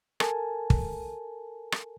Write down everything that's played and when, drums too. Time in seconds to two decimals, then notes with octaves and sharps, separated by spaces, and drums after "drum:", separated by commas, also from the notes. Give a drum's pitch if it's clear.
0.20 A4 A#4 G#5 A5, drum: rim click
0.70 drum: kick
1.72 drum: rim click